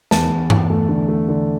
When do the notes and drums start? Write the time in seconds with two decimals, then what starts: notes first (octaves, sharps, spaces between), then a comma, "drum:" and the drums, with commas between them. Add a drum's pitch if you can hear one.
0.11 E2 A5, drum: snare
0.30 E2
0.50 E2, drum: tom G2
0.70 A3
0.89 D3
1.08 A3
1.28 D3